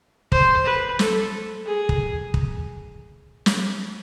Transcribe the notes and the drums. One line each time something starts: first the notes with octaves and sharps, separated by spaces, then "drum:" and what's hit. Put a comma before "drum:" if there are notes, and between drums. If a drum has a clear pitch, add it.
C5, drum: kick
B4
A4, drum: snare
G#4
drum: kick
drum: kick
drum: snare